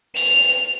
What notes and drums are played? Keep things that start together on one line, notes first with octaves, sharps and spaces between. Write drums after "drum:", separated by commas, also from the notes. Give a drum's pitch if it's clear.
F7, drum: open hi-hat